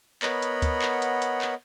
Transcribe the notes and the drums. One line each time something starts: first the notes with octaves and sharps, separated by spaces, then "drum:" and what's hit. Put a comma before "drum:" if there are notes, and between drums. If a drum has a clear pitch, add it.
B3 A#4 C#5 D#5 F#5 B5, drum: clap
drum: hi-hat
drum: kick D2, hi-hat
drum: clap
drum: hi-hat
drum: hi-hat
drum: clap